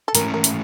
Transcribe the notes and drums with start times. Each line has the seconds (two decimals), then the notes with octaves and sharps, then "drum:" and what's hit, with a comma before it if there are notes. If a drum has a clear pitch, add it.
0.08 A4
0.15 G#2 E3 A3 C#4 A#4, drum: hi-hat
0.34 A#4
0.44 drum: hi-hat